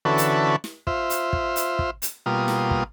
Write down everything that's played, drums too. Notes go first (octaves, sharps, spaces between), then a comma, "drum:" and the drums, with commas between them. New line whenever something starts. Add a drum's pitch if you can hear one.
D3 E3 C#4 F#4 A4 B4
drum: hi-hat
drum: snare
F4 C5 E5, drum: kick
drum: hi-hat
drum: kick
drum: hi-hat
drum: kick
drum: hi-hat
B2 G3 A#3 F4 D#6
drum: snare
drum: kick